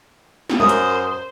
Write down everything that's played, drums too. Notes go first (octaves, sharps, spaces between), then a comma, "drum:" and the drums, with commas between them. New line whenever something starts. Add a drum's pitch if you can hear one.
drum: snare
F#2 A#4 C5 D#6
drum: hi-hat